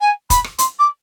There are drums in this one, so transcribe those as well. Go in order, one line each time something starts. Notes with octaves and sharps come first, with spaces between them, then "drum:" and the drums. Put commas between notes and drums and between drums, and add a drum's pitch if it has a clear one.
G#5
B5, drum: kick F1, hi-hat
drum: rim click
C6, drum: hi-hat
D6